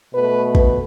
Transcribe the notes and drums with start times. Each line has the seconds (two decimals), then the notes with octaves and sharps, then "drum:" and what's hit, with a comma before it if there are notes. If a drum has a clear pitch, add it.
0.14 B2 A3 B4
0.55 B4, drum: kick